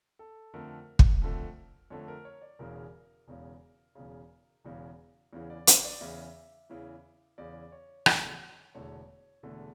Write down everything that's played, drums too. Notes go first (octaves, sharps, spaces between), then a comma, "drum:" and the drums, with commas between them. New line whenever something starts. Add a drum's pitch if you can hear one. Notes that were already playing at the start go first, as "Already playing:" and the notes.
A4
F2 D3 A3 A#4
drum: kick
F2 D3 A3
F2 D3 A3 C#5
A#4
C#5
D5
E1 E2 C#3 A#4
E1 E2 C#3
E1 E2 C#3
E1 E2 C#3
E2 C#3 E3
D5
C#5, drum: hi-hat
D5
E2 C#3 E3 E5
E2 C#3 E3
E2 C#3 E3 D5
C#5
E1 E2 D3 A3, drum: rim click
E1 E2 D3 A3 C#5
E1 E2 D3 A3